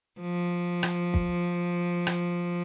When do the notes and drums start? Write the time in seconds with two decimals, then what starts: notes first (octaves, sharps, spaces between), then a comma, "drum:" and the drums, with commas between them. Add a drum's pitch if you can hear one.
0.21 F3
0.83 drum: rim click
1.14 drum: kick
2.07 drum: rim click